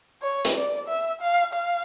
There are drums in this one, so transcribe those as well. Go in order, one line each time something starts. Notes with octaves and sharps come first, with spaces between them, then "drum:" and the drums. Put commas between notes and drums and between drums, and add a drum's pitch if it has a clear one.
C#5
drum: hi-hat
D5
E5
F5
F5